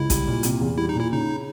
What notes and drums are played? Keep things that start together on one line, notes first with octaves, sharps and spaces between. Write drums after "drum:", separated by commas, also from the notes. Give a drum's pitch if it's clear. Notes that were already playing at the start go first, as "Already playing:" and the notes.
Already playing: C#2 E4
G3, drum: kick A1, hi-hat
A#2
C3, drum: hi-hat
E2
G3 E4
D#4
A#2
E4
C#3 D#4